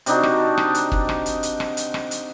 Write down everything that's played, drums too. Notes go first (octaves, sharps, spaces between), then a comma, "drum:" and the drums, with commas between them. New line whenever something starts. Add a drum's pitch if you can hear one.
C3 D4 D#4 F#4, drum: hi-hat
drum: rim click
drum: rim click
drum: hi-hat
drum: kick
drum: rim click
drum: hi-hat
drum: hi-hat
drum: rim click
drum: hi-hat
drum: rim click
drum: hi-hat